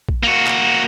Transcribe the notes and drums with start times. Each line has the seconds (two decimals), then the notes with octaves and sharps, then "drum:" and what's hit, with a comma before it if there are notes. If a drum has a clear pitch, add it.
0.09 drum: kick A#1
0.23 A#3 F#4
0.47 drum: clap